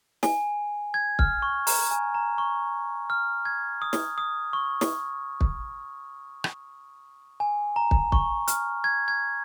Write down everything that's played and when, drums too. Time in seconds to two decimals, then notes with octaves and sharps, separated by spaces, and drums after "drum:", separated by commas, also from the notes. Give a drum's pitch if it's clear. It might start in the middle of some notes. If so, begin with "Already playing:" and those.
0.23 G#5, drum: snare
0.94 G#6
1.19 F6, drum: kick
1.42 C#6
1.67 A#5, drum: open hi-hat
1.91 G#5
2.14 A#5
2.38 C#6
3.10 F6
3.45 G#6
3.82 D#6
3.93 drum: snare
4.18 D#6
4.53 C#6
4.81 drum: snare
5.41 drum: kick
6.44 drum: rim click
7.40 G#5
7.76 A#5
7.91 drum: kick
8.12 C#6, drum: kick
8.48 F6, drum: hi-hat
8.84 G#6
9.08 G#6